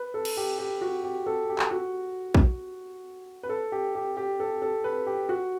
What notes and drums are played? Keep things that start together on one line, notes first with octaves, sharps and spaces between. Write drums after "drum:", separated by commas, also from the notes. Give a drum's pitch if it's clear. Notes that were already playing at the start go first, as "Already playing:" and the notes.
Already playing: B4
A4
drum: cymbal
G4
G4
F#4
G4
A4
G4
drum: clap
F#4
drum: kick A#1
B4
A4
G4
G4
G4
A4
A4
B4
G4
F#4